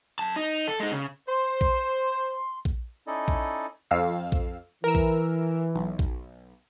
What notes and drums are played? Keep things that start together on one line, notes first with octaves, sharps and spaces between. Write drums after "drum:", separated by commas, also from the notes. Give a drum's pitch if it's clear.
F#2 A5
D#4
A4
G#3 D#4
C#3
C5 C6
drum: kick A#1
drum: kick A#1
C#4 D#4 E4 A4 D5 D#5
drum: kick A#1
F2 F5 E6
drum: kick A#1
E3 A#4 E6
drum: kick A#1
B1
drum: kick A#1